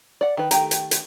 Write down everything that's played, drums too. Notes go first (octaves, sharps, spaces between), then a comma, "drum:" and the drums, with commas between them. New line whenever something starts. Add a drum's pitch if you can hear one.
D5 F#5
D#3 B4
D#3 A3 G4 G5 A#5, drum: hi-hat
drum: hi-hat
drum: hi-hat